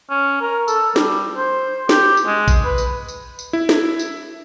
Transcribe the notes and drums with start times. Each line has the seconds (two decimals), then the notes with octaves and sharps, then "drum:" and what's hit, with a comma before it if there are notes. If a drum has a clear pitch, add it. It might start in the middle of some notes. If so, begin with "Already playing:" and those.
0.10 C#4
0.42 A#4
0.68 A4, drum: tambourine
0.96 G3, drum: snare
1.36 C5
1.89 G4, drum: snare
2.17 drum: tambourine
2.27 G#3
2.48 drum: kick A1, tambourine
2.65 B4
2.78 drum: tambourine
3.08 drum: tambourine
3.39 drum: tambourine
3.53 E4
3.69 drum: snare
3.99 drum: tambourine